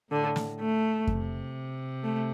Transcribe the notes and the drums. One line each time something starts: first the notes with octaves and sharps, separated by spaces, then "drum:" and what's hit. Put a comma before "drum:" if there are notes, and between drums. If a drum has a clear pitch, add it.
A2 D3
drum: snare
A3
C3, drum: kick F2
A3